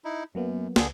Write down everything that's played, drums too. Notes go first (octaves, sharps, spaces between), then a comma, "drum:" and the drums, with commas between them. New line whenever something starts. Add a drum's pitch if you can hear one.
D#4 E4
F#2 F#3 A#3 B3
C#2 D3 G#4, drum: snare